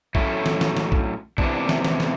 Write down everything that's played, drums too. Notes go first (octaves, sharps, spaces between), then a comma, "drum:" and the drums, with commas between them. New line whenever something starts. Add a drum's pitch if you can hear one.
A2 F#3 A3 C#4 E4, drum: kick A#1
drum: snare
drum: snare
drum: snare
drum: kick A#1
E2 C3 E3 D4, drum: kick A#1
drum: snare
drum: snare
drum: snare